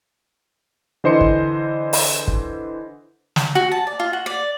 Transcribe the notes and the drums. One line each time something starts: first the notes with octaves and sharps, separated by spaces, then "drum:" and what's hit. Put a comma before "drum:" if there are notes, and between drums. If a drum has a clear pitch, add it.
D3 E3 C5 D#5 C6 C#7
drum: kick
drum: open hi-hat
drum: kick
drum: snare
F#4
A5
D5
F4
F#4
D5